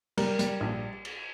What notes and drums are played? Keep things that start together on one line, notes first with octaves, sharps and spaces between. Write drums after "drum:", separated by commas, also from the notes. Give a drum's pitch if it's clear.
G3 A#4, drum: cymbal
G3, drum: hi-hat
A#1
drum: cymbal